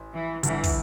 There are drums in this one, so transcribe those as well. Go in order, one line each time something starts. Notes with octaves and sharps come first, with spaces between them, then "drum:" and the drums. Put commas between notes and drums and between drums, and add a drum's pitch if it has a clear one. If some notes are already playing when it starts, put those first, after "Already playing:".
Already playing: A1
E3
G1 G2 D3 E3, drum: hi-hat
drum: kick, open hi-hat